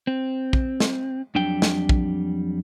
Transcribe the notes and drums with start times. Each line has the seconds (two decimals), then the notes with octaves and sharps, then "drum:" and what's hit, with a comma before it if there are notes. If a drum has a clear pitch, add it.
0.07 C4
0.53 drum: kick
0.80 drum: snare
1.35 F2 F#3 G3 D4 G5
1.62 drum: snare
1.89 drum: kick